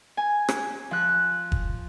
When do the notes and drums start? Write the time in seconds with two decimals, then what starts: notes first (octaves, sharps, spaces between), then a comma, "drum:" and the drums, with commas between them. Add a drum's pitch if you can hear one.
0.17 G#5
0.49 drum: rim click
0.91 F3 F#6
1.52 drum: kick